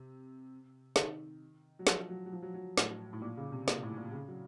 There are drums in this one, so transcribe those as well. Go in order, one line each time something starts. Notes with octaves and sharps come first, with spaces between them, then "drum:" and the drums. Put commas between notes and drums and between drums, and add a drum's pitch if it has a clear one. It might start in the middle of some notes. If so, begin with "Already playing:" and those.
Already playing: C3
D#3, drum: snare
F#3
F3, drum: snare
F#3
F#3
F3
F#3
F#3
A2, drum: snare
A2
A#2
C#3
C3
A#2, drum: snare
A2
A#2
C#3
F#3